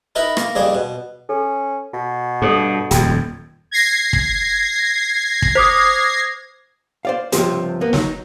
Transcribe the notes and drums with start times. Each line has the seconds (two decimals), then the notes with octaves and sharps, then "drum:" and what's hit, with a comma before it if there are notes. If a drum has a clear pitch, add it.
0.15 D#4 E4 A#4 B4 A#5
0.37 A#3 A#4 A#5, drum: rim click
0.55 F2 C#3 G3 A#3 C4 G#4
0.75 B2
1.29 C#4 A4
1.93 B2
2.42 G2 A4 C#5 D#6
2.91 D#1 F2 F#4 G5, drum: hi-hat
3.71 G#6 A#6 C7
4.13 drum: kick
5.42 drum: kick
5.55 C5 D6 D#6
7.05 C5 D5 F5
7.32 C#2 G2 C3 F3 C4, drum: hi-hat
7.81 A#3 B3
7.93 F#3 D#4, drum: snare